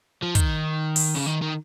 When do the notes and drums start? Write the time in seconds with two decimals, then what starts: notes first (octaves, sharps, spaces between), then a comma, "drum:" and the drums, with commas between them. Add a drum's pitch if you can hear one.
0.23 F3
0.35 D#3, drum: kick, hi-hat
0.96 drum: open hi-hat
1.15 C#3
1.26 D#3
1.42 D#3